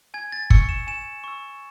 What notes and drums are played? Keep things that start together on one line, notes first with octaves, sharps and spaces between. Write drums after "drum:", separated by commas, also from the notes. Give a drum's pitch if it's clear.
G#5 G#6
A6
C#6 E6 C#7, drum: kick
E7
G#5 E7
C#6 E6